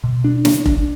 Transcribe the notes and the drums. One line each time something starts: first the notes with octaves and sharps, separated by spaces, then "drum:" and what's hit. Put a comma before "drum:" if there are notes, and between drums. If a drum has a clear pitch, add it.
B2
D4
D4, drum: snare
D4, drum: kick F1